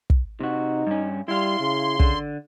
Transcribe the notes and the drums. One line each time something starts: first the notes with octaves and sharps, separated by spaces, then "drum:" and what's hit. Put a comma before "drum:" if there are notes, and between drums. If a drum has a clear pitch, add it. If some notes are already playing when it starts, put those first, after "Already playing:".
drum: kick
C3 D#4 F#4
G2 C#4
G3 E4 F5 C6
C#3
D3, drum: kick